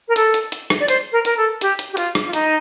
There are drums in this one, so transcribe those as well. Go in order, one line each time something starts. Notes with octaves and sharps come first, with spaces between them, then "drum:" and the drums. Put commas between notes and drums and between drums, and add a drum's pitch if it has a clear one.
A#4
A4, drum: hi-hat
drum: hi-hat
drum: hi-hat
drum: rim click
D5
C5, drum: hi-hat
A#4
A#4, drum: hi-hat
A4
G4, drum: hi-hat
drum: hi-hat
G4
F4, drum: hi-hat
drum: rim click
F4
D#4, drum: hi-hat